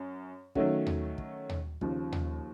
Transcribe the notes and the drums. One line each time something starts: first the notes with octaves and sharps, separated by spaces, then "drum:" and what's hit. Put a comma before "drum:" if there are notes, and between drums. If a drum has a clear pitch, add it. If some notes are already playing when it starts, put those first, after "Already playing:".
Already playing: F#2
D#3 F#3 A3 C#4 F#4, drum: kick
drum: tom D#2
drum: kick
drum: tom D#2
D#2 C#3 F3, drum: kick
drum: tom D#2